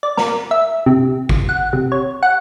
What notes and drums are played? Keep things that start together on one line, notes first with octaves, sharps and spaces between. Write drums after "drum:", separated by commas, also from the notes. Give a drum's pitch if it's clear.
D5
A#4, drum: snare
E5
C3
drum: kick
F#5
C3
C#5
F#5